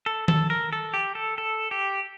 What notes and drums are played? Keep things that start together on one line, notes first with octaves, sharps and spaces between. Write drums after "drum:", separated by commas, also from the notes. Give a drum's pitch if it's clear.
A4
A4, drum: tom D#3
A#4
A4
G4
A4
A4
G4